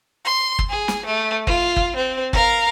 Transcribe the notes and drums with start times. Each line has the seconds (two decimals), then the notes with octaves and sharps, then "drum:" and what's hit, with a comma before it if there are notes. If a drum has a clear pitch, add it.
0.25 C6
0.59 drum: kick
0.69 G#4
0.88 drum: snare
1.06 A3
1.47 F4, drum: kick
1.76 drum: kick
1.96 C4
2.33 A#4 F5, drum: kick